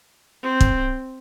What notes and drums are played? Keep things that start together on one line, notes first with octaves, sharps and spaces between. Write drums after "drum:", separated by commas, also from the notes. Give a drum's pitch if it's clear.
C4
drum: kick